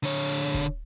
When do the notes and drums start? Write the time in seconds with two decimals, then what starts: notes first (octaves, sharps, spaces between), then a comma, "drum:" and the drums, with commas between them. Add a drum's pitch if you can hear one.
0.03 D3 C#5
0.29 drum: hi-hat
0.54 drum: kick, hi-hat